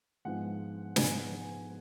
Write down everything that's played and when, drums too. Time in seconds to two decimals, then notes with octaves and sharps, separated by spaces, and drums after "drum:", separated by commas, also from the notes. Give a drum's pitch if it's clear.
0.25 G#2 F3 G#3 B3 F#5
0.96 G#2 F3 G#3 B3 G#5, drum: snare